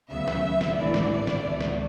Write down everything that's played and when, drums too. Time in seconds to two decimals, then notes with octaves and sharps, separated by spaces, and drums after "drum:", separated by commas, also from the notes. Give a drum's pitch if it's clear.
0.11 D2 C#3 F#3 B3 E5
0.28 drum: snare
0.61 drum: snare
0.77 A1 G#2 E3 A3 D4 D5
0.94 drum: snare
1.27 drum: snare
1.45 C#2 B2 A3
1.61 drum: snare